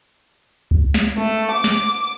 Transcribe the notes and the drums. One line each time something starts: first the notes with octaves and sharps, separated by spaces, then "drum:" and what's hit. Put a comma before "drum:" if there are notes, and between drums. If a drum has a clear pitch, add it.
drum: kick C#2
drum: snare
A3, drum: tom G#3
D6
drum: snare